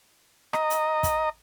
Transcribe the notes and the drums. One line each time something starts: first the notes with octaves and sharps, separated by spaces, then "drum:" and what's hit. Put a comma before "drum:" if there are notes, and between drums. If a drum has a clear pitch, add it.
D#5 A#5, drum: rim click
drum: hi-hat
drum: kick, hi-hat